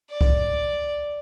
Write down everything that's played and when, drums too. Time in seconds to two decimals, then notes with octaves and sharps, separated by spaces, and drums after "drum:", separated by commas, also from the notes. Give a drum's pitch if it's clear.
0.11 D5
0.21 drum: kick